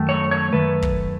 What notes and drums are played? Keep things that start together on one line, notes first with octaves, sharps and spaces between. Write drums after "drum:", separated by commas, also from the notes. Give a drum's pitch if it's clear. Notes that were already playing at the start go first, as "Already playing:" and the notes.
Already playing: F#2 D#3 A3
C#5
C#5
F#2 D#3 A3 B4
drum: kick